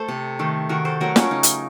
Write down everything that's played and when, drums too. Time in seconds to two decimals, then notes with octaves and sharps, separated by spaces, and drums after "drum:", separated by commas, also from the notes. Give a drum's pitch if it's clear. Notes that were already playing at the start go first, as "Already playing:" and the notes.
Already playing: A3 A4 C5
0.08 C3
0.39 D#3 A3
0.69 D#3 F#4 A#4
0.85 A4 C5
1.00 F#3 A3 F#4 A#4
1.16 C#4 F4, drum: snare
1.31 C#3 D#4
1.43 drum: hi-hat